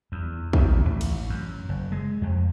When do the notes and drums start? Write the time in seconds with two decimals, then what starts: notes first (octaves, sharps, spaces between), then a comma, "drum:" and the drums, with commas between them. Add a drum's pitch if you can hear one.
0.12 E2
0.53 D#2, drum: kick
0.85 A1
1.01 drum: cymbal
1.30 F#2
1.69 F#1
1.92 G#3
2.22 F2